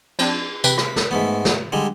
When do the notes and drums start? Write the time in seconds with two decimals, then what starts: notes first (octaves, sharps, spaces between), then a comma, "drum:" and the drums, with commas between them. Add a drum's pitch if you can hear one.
0.19 F3 C4 D4, drum: cymbal
0.64 C3 B4 G5 B5, drum: tambourine
0.78 drum: rim click
0.96 drum: snare
1.11 G#2 A3 B3
1.45 drum: snare
1.72 D3 G3 G#3